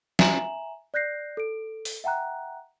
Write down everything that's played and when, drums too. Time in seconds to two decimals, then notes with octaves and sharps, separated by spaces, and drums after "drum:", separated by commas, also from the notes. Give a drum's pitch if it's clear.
0.19 E5 G#5 A#5 E7 F#7, drum: snare
0.94 D5 F#6 G6 A#6 C7
1.37 A4 D7
1.85 drum: open hi-hat
2.04 E5 F#5 G5 A#5 F#6